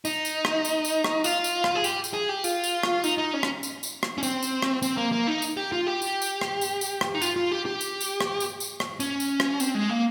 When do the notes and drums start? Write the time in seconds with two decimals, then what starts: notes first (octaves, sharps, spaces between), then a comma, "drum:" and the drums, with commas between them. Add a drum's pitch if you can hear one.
0.05 D#4, drum: tambourine
0.25 drum: tambourine
0.45 drum: rim click
0.65 drum: tambourine
0.85 drum: tambourine
1.04 drum: rim click
1.24 F4, drum: tambourine
1.44 drum: tambourine
1.64 drum: rim click
1.75 G#4
1.84 G4, drum: tambourine
2.04 drum: tambourine
2.14 G#4
2.29 G4
2.44 F4, drum: tambourine
2.64 drum: tambourine
2.83 drum: rim click
3.04 D#4, drum: tambourine
3.18 D#4
3.34 C#4
3.43 drum: rim click
3.63 drum: tambourine
3.83 drum: tambourine
4.03 drum: rim click
4.18 C#4
4.23 C4, drum: tambourine
4.43 drum: tambourine
4.62 drum: rim click
4.82 C4, drum: tambourine
4.97 A#3
5.12 A#3
5.27 D#4
5.42 drum: tambourine
5.57 G4
5.72 F4
5.87 G4
6.02 drum: tambourine
6.22 drum: tambourine
6.41 drum: rim click
6.61 drum: tambourine
6.81 drum: tambourine
7.01 drum: rim click
7.15 D#4
7.22 F4, drum: tambourine
7.36 F4
7.51 G4
7.66 G4
7.81 drum: tambourine
8.01 drum: tambourine
8.20 drum: rim click
8.40 drum: tambourine
8.60 drum: tambourine
8.80 drum: rim click
9.00 C#4, drum: tambourine
9.20 drum: tambourine
9.40 drum: rim click
9.60 C4, drum: tambourine
9.75 G#3
9.90 A#3